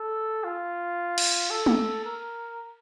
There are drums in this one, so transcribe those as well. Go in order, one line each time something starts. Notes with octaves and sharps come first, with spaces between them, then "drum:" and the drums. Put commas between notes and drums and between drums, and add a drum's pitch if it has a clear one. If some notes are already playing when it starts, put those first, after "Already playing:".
Already playing: A4
F4
drum: cymbal
A4
drum: tom
A#4